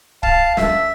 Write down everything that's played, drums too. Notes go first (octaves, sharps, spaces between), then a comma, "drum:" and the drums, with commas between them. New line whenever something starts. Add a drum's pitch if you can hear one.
F5 A5, drum: kick
E5, drum: snare